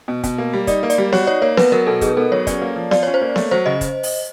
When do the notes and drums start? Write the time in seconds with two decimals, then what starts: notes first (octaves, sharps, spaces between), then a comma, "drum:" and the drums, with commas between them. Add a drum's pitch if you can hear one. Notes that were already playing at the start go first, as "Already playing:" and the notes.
0.08 B2
0.24 B2, drum: kick, hi-hat
0.38 A#3
0.53 G3
0.67 D#4 D5, drum: kick, hi-hat
0.83 A#3
0.90 D5, drum: hi-hat
0.98 G3
1.12 F#4 C#5, drum: snare B3
1.27 D#4 C#5
1.42 A#3 C#5
1.57 B3 B4, drum: snare B3
1.72 F#3 A#4
1.87 B2 A4
2.01 D#4 G#4, drum: kick, hi-hat
2.17 B3 A4
2.32 F#3 C#5
2.47 C#4 D5, drum: kick, hi-hat
2.62 A#3
2.76 F3
2.91 F4 D5, drum: snare B3
3.03 C#5
3.07 C#4
3.14 C5
3.21 A#3
3.36 A3, drum: snare B3
3.51 F#3 C5
3.66 C#3 D#5
3.81 drum: kick, hi-hat
4.03 drum: open hi-hat